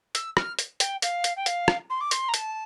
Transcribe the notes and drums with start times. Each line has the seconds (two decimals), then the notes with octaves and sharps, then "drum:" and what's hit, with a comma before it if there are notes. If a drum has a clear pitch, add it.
0.15 E6, drum: hi-hat
0.37 F6, drum: rim click
0.59 drum: hi-hat
0.80 G5, drum: hi-hat
1.02 F5, drum: hi-hat
1.24 drum: hi-hat
1.37 G5
1.46 F5, drum: hi-hat
1.68 drum: rim click
1.90 C6
2.01 D6
2.11 C6, drum: hi-hat
2.29 A#5
2.34 A5, drum: hi-hat